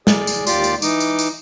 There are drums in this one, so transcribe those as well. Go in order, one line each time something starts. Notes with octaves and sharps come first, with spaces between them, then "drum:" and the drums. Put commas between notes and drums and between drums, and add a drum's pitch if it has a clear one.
G#4 D5, drum: snare
drum: tambourine
D#2 F4 G4 D5 C6 D6, drum: tambourine
drum: tambourine
E3 D#4 D6, drum: tambourine
drum: tambourine
drum: tambourine